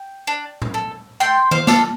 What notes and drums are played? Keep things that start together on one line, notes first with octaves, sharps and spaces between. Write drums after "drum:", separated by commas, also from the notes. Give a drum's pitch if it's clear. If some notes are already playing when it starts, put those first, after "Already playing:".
Already playing: G5
D4
drum: tom A2
A4
A3 G5 C6
C5 F5, drum: tom D#3
D4 F4 A4, drum: snare